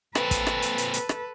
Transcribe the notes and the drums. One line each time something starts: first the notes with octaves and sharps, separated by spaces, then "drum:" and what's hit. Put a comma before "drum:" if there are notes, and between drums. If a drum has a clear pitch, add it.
A#2 C4 A4 B4, drum: rim click
drum: kick, hi-hat
drum: rim click
drum: hi-hat
drum: hi-hat
drum: hi-hat
drum: rim click